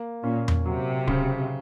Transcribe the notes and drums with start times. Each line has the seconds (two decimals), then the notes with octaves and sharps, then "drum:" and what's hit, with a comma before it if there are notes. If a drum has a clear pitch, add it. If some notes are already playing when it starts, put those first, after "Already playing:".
Already playing: A#3
0.24 A#2 C#4
0.48 drum: tom E2
0.66 C3 F#3
1.08 C#3, drum: kick D1